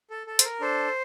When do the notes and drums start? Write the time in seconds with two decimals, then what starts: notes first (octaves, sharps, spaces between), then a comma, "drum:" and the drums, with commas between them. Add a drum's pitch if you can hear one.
0.10 A4
0.27 A4
0.39 C5, drum: hi-hat
0.44 A#4
0.60 D4 A4 C5